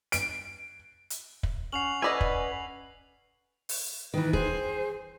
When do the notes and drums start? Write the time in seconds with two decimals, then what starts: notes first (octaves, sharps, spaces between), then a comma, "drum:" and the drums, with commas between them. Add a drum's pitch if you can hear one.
0.12 D7, drum: hi-hat
1.10 drum: hi-hat
1.43 drum: kick
1.72 C#4 F#5 C7 F7 F#7
2.02 A4 B4 D5 D#5 G#5
2.21 drum: kick
3.69 drum: open hi-hat
4.14 D#3 E3 B4
4.33 G#4 C5, drum: kick